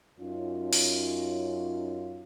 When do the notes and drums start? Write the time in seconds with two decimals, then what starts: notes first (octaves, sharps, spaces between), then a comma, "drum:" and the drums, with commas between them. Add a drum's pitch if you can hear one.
0.20 F#2 C#4 D#4 F4
0.73 drum: open hi-hat